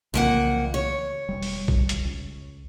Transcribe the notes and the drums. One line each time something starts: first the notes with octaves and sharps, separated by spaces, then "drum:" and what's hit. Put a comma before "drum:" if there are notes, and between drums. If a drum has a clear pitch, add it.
C2 F2 C#3 E3 A#3 F#5
C#5
E1 G3
drum: open hi-hat
drum: kick A#1
drum: hi-hat
C#2